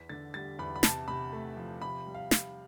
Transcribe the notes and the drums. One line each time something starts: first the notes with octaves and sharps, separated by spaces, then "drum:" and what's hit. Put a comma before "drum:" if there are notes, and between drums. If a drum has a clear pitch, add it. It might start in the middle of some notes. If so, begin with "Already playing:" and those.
Already playing: E2 B6
D3 A6
G3 A6
E2 B5
B5
C3 A5, drum: snare
C3 B5
A3
F3
C3 B5
G3
F5
G3, drum: snare